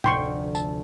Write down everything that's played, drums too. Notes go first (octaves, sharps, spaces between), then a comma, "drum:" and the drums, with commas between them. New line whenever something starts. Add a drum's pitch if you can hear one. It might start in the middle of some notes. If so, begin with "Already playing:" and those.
F1 D2 G5 C6 C#6, drum: tom A2
A5, drum: tambourine